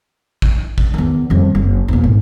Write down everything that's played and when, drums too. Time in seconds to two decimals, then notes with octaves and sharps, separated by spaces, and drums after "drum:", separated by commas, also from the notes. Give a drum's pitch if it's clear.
0.42 drum: kick G#1
0.78 drum: kick G#1
0.94 E2 D#3
1.30 F2 G3
1.55 F#1
1.88 E2 A#2
2.04 G#1